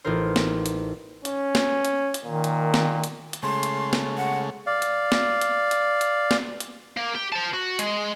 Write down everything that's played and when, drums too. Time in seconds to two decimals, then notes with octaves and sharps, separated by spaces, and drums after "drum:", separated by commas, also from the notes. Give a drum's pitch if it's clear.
0.04 A1 D#4 F4 A#4 C5
0.36 drum: snare
0.66 drum: hi-hat
1.25 C#4, drum: hi-hat
1.55 drum: snare
1.85 drum: hi-hat
2.14 drum: hi-hat
2.25 A#2 D#3
2.44 drum: hi-hat
2.74 drum: snare
3.04 drum: hi-hat
3.33 drum: hi-hat
3.43 C#3 G#3 A3 C6
3.63 drum: hi-hat
3.93 drum: snare
4.17 F#5
4.66 D5 F5
4.82 drum: hi-hat
5.12 drum: snare
5.41 drum: hi-hat
5.71 drum: hi-hat
6.01 drum: hi-hat
6.31 drum: snare
6.60 drum: hi-hat
6.97 A#3
7.15 G4
7.32 C5 A5
7.54 F#4
7.79 G#3, drum: hi-hat